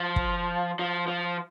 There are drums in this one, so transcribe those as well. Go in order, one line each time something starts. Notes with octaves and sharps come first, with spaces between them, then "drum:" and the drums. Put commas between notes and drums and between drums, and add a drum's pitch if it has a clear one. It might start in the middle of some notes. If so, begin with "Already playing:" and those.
Already playing: F3
drum: kick
F3
F3